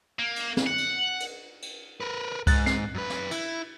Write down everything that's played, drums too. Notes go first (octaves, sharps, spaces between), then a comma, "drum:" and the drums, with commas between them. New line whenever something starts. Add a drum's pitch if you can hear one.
A#3
drum: cymbal
drum: snare
F#5
drum: cymbal
drum: cymbal
drum: cymbal
A#4 B4
G#2 F#6 A6, drum: kick C2, cymbal
C7, drum: snare
F#2 B4
drum: snare
E4, drum: cymbal